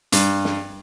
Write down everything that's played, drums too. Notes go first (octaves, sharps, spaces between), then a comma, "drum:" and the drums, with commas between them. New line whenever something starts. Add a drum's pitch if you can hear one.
G2, drum: hi-hat
drum: snare